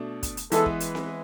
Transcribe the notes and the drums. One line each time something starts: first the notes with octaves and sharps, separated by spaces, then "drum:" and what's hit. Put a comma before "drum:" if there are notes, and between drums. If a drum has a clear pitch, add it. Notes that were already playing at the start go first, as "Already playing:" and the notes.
Already playing: B2 A3 D4
drum: kick, hi-hat
drum: hi-hat
E3 G#3 B3 E4 A4 B4, drum: hi-hat
drum: kick
drum: hi-hat
drum: snare C4